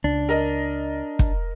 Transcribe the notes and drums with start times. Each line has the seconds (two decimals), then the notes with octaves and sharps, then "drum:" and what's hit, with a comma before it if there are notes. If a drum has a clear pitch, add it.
0.04 C#2 D4
0.29 A#4 D#5
1.19 drum: kick